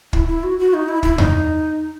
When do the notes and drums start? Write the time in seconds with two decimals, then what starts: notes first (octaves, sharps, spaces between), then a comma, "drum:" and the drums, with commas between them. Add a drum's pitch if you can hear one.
0.13 E4, drum: kick
0.28 E4
0.43 F#4
0.59 F#4
0.74 D#4
0.89 E4
1.03 E4, drum: kick
1.18 D#4, drum: tom E2